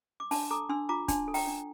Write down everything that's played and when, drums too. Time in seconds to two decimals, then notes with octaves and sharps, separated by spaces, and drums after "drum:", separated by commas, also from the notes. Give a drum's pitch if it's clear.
0.20 D6
0.31 D4 A5 C6, drum: open hi-hat
0.50 A4 A#5 D6
0.69 D4 C6 E6
0.89 F4 A#5 D6
1.08 D4 A5 C6, drum: kick C#1, hi-hat
1.28 A4
1.34 G5 A#5, drum: open hi-hat
1.47 D4